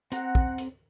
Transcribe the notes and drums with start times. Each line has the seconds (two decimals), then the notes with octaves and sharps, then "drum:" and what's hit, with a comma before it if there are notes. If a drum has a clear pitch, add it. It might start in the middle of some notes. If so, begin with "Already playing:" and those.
0.12 C4 F#5 A#5, drum: hi-hat
0.35 drum: kick
0.58 drum: hi-hat